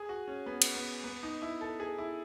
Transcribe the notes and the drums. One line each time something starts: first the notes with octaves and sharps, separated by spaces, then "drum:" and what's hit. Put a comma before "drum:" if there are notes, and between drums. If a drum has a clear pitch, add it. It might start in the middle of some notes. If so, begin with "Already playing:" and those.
Already playing: G#4
F#4
C#4
B3
drum: cymbal
B3
B3
D#4
E4
A4
G#4
E4